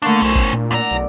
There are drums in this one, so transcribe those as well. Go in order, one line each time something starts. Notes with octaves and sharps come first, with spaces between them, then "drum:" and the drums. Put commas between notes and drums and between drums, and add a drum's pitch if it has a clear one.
D3 A3 A#3 D4 B5 C#6
B1 C#4 E4 A#4 C5 A5
drum: kick
A#2 D4
E2 D5 F#5 A#5 E6
B1